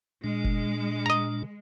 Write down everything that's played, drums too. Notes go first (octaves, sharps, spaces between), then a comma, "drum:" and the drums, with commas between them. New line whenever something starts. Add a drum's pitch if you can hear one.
A#2 G#3 D4
drum: kick F1
D#5 A#5